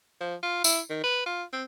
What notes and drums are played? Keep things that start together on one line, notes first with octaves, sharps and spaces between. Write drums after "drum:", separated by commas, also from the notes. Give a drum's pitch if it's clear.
F3
F4
E4, drum: tambourine
D#3
B4
F4
C4